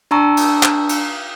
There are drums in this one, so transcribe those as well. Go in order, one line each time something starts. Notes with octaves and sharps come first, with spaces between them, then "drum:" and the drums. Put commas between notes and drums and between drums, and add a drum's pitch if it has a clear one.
D4 A5 A#5 C#6 E6
drum: cymbal
drum: clap
drum: cymbal